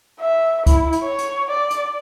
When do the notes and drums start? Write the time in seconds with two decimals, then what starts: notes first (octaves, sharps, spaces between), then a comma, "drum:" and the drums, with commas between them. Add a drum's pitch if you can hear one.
0.20 E5
0.66 E4, drum: kick C#2, hi-hat
0.92 drum: hi-hat
1.03 C#5
1.18 drum: hi-hat
1.50 D5
1.71 drum: hi-hat